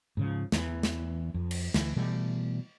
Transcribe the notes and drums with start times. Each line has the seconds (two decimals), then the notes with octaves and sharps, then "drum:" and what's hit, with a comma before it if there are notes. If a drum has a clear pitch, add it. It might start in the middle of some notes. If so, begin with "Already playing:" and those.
0.17 G#2 C#3 F3
0.52 E2 E3, drum: snare
0.83 drum: snare
1.34 F2
1.51 drum: cymbal
1.74 D2 E3 A3, drum: snare
1.96 B2 E3 G3 A3